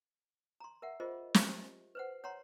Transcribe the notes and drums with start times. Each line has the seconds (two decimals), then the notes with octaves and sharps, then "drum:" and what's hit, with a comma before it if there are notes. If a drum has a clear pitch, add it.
0.60 A#5 C6
0.82 A#4 E5 F#5
1.00 F4 G#4 A#4 C5 D#5
1.34 drum: snare
1.49 G4
1.95 B4 C5 F#5
2.24 C#5 F#5 A#5 C6